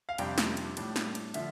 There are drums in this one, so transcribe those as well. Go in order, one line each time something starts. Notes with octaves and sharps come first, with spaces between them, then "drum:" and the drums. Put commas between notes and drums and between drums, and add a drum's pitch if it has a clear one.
F5
F2 C3 G3 D4 G5, drum: cymbal
drum: snare
drum: cymbal
A2 G3 D4, drum: cymbal
drum: snare
drum: cymbal
D3 F3 E5, drum: cymbal